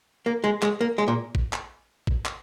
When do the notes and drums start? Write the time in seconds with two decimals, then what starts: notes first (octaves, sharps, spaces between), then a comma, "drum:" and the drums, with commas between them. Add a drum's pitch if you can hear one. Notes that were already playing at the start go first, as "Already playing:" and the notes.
0.26 A#3
0.44 G#3
0.62 G#3, drum: clap
0.81 A#3
0.98 G#3
1.08 A#2
1.35 drum: kick A1
1.53 drum: clap
2.07 drum: kick A1
2.25 drum: clap